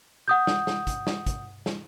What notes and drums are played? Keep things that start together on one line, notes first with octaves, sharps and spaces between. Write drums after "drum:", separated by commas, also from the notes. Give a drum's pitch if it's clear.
F#5 D#6 G6
drum: snare
drum: snare
drum: kick, hi-hat
drum: snare
drum: kick, hi-hat
drum: snare